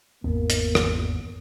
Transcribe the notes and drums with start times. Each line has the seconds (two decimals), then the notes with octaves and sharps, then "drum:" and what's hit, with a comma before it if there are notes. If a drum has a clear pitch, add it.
0.24 G#1 E2 A#3 B3
0.50 drum: hi-hat
0.75 drum: rim click